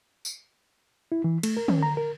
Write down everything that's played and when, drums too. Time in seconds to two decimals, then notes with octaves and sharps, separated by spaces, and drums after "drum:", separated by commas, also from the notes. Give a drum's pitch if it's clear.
0.25 drum: tambourine
1.12 E4
1.24 E3
1.43 A3, drum: cymbal
1.57 A#4
1.68 C#4, drum: tom
1.83 A#5
1.97 A#4